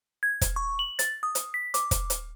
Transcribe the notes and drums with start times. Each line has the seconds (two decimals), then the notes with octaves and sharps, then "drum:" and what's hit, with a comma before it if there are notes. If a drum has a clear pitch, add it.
0.23 G#6
0.41 drum: kick, hi-hat
0.56 C#6
0.79 F#7
0.99 A6, drum: hi-hat
1.23 D#6
1.35 drum: hi-hat
1.54 B6
1.74 D6, drum: hi-hat
1.91 drum: kick, hi-hat
2.10 drum: hi-hat